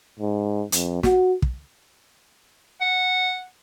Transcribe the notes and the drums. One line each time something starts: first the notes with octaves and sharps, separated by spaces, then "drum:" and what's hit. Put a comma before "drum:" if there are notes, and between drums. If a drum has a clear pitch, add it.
G#2
F2, drum: hi-hat
F#4, drum: snare
drum: kick
F#5